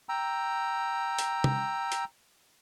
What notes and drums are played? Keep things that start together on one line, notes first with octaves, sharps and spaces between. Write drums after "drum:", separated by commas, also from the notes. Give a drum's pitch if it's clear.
G5 A#5 E6
drum: hi-hat
drum: tom
drum: hi-hat